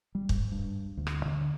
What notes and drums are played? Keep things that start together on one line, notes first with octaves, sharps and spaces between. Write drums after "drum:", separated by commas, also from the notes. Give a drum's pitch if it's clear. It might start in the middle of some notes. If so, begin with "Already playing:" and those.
G3
G#2, drum: kick
G2
D2
drum: rim click
D3